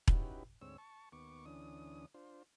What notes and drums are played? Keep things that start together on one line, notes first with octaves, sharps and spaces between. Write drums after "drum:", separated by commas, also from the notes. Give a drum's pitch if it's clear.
C#4 D#4 E4 F#4 G4 B4, drum: kick E1
D2 G#2 C4 C#5 E6
A5 C#6
D#2 B3 C#6 D6
D2 E3 C#4 D4 D#6
D4 F4 C5